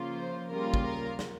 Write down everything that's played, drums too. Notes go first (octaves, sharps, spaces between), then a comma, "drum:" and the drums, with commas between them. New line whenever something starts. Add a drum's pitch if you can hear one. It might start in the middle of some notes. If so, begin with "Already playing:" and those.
Already playing: C#3 F3 A#3 F4
C5
C#3 G3 A#3 F4 A#4
drum: kick
A#4
drum: snare